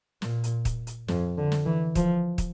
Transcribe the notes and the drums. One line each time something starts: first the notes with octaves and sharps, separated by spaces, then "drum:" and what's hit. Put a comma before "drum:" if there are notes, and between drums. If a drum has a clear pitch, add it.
A#2, drum: snare
drum: hi-hat
drum: kick, hi-hat
drum: hi-hat
F2, drum: snare
D3
drum: snare
E3
F3, drum: kick, hi-hat
drum: kick, hi-hat